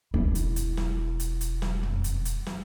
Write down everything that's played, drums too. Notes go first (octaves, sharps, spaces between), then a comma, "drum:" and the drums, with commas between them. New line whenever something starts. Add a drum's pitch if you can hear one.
E1 E4
drum: hi-hat
drum: hi-hat
drum: snare
drum: hi-hat
drum: hi-hat
drum: snare
drum: tom
drum: hi-hat
drum: hi-hat
drum: snare